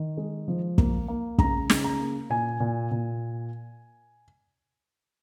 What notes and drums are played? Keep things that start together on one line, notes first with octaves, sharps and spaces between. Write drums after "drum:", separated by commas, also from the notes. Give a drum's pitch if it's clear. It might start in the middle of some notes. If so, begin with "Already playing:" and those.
Already playing: D#3
G#3
F3
A#3, drum: kick
A#3
C#3 A#5, drum: kick
C#3, drum: snare
A#5
A#3
A#2 G#5
A#2
A#2